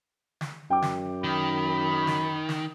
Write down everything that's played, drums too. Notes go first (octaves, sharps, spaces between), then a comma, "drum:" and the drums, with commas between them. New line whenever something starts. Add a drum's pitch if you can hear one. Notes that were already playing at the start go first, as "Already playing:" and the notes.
drum: snare
F#2 G5 D6
drum: snare
D#3 B5
drum: snare
drum: snare